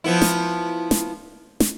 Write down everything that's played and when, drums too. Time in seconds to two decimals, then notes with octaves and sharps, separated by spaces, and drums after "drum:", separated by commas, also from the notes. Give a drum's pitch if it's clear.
0.04 F3 B3 E4
0.22 drum: snare
0.91 drum: snare
1.60 drum: snare